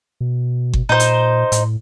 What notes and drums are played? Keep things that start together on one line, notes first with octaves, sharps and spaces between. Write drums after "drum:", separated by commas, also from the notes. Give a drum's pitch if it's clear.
B2
drum: kick G1
A#2 D#4 C5
drum: hi-hat
A2, drum: hi-hat